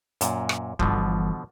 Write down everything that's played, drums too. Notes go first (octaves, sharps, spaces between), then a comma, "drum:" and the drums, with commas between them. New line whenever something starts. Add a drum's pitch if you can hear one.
F#2 A#2, drum: hi-hat
drum: rim click
G1 B2 D3 E3 F3, drum: kick